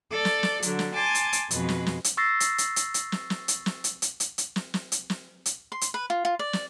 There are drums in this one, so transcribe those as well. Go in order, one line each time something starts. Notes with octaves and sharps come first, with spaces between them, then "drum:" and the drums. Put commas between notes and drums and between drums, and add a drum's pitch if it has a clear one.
A4 D5
drum: snare
drum: snare
D3 F#3, drum: hi-hat
drum: snare
G#5 A5 C6 D6
drum: hi-hat
drum: hi-hat
F2 B2 G#3 B4, drum: hi-hat
drum: snare
drum: snare
drum: hi-hat
C#6 E6 A6 A#6 C7
drum: hi-hat
drum: hi-hat
drum: hi-hat
drum: hi-hat
drum: snare
drum: snare
drum: hi-hat
drum: snare
drum: hi-hat
drum: hi-hat
drum: hi-hat
drum: hi-hat
drum: snare
drum: snare
drum: hi-hat
drum: snare
drum: hi-hat
C6
drum: hi-hat
B4
F4
F4
D5
drum: snare